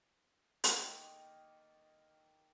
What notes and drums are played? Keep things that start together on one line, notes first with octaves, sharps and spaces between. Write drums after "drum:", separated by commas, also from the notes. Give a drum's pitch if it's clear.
D#3 A#3 A4 G5, drum: hi-hat